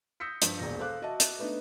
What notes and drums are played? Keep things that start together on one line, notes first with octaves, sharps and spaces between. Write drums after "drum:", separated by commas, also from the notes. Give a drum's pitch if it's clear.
D#6 E6 G6 A#6 B6 C#7
G2 F3, drum: hi-hat
E1 A#1 A#6
A4 C5 F5 D6 F#6
F#4 D#5 E5 A5
drum: hi-hat
A3 B3 D4 D#4